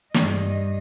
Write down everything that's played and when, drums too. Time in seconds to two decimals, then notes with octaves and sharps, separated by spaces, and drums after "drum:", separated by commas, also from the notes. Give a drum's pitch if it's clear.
0.14 G2 D#5, drum: snare